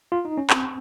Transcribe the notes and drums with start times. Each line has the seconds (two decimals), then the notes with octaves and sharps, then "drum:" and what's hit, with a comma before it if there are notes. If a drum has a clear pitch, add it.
0.12 F4
0.25 D#4
0.38 C#4
0.50 C4, drum: clap